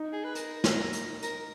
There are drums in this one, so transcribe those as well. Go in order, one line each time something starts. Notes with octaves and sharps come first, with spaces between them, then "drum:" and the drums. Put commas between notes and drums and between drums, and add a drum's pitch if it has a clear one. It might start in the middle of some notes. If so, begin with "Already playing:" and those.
Already playing: D#4
G#4
B4
A#4, drum: hi-hat
drum: snare
drum: hi-hat
A#4, drum: hi-hat